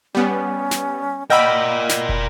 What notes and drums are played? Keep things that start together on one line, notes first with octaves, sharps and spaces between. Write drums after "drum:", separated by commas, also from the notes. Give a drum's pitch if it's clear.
G3 B3 C#4
drum: snare
A#3 A#4 D5 D#5 F#5 G5 B5 E6
drum: snare
drum: kick